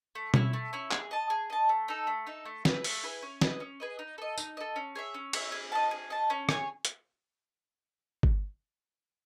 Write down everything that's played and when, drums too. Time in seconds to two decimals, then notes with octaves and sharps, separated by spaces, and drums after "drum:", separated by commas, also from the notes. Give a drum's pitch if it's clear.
0.15 A3
0.34 C#4 E4, drum: tom B2
0.53 A3
0.73 C#4 E4
0.91 G#4, drum: clap
1.11 D#5 A5
1.30 G#4
1.50 D#5 A5
1.69 A3
1.88 D#4 A4
2.07 A3
2.27 D#4 A4
2.45 A3
2.65 E4 G#4 B4, drum: snare
2.84 A3, drum: open hi-hat
3.03 E4 G#4 B4
3.22 C#4
3.41 G#4 B4 D#5, drum: snare
3.60 C#4
3.80 G#4 B4 D#5
3.99 D#4
4.18 A4 D#5
4.38 D#4, drum: tambourine
4.57 A4 D#5
4.76 C#4
4.95 G#4 C#5 E5
5.14 C#4
5.33 G#4 C#5 E5, drum: cymbal
5.52 G#4
5.72 D#5 A5
5.91 G#4
6.10 D#5 A5
6.30 C#4
6.49 G#4 C#5 G#5, drum: rim click
6.85 drum: hi-hat
8.23 drum: kick G1